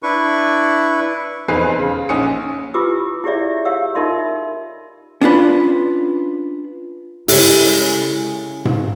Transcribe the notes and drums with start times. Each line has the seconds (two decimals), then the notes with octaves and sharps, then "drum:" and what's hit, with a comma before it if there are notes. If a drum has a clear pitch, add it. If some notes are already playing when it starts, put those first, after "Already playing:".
0.03 D4 E4 B4 C#6
1.48 E1 F2 D#4 B4 G#5 C7
1.79 C#3 F5
2.09 A#1 C#4 D#4 G#5 D#6 C#7
2.74 E4 F4 G4 B4 D6 E6
3.24 E4 G4 G#4 C#5 D5 E5
3.65 G4 C#5 F5 E6
3.95 D#4 F4 A#4 D#5 E5 C6
5.21 C#4 D4 F4 B4
7.28 C#3 G#3 E4 G4 A4 C#5 G#5, drum: open hi-hat
8.65 drum: tom G#2